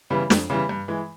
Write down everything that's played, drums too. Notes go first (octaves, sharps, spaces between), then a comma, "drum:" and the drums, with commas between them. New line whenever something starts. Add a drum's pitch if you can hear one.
C#3 E3 G3 B3
F2, drum: snare
C#3 E3 G3 B3
G2
E3 G#3